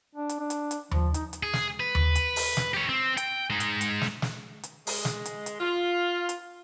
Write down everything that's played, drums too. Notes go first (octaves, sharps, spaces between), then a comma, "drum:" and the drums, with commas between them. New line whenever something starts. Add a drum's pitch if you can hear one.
D4
drum: hi-hat
D4
drum: hi-hat
drum: hi-hat
F3, drum: tom D#2
D#4, drum: hi-hat
drum: hi-hat
G#4
drum: snare
B4
drum: tom D#2
drum: hi-hat
drum: open hi-hat
drum: snare
G4 C#5
C4
G5, drum: hi-hat
G#3 D#4
drum: hi-hat
drum: hi-hat
drum: snare
drum: snare
drum: hi-hat
G#3, drum: open hi-hat
drum: snare
drum: hi-hat
drum: hi-hat
F4
drum: hi-hat